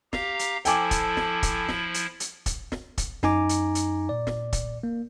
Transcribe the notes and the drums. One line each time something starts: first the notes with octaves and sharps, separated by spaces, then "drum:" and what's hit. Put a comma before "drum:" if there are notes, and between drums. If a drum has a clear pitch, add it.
G4 F5 A#5, drum: snare
drum: hi-hat
F3 E4 A4 G5 G#5 D6, drum: hi-hat
drum: kick, hi-hat
drum: snare
drum: kick, hi-hat
drum: snare
drum: hi-hat
drum: hi-hat
drum: kick, hi-hat
drum: snare
drum: kick, hi-hat
F#2 D#4 G#5 A#5 D6, drum: snare
drum: hi-hat
drum: hi-hat
A#2 D5
drum: snare
drum: kick, hi-hat
A#3